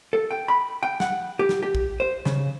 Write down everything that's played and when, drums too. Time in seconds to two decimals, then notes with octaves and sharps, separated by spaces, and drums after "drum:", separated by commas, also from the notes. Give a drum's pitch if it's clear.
0.13 A4
0.31 G5
0.48 B5
0.83 G5
1.00 F#5, drum: snare
1.39 G4
1.49 drum: snare
1.62 G4
1.75 drum: kick
2.00 C5
2.25 C#3, drum: snare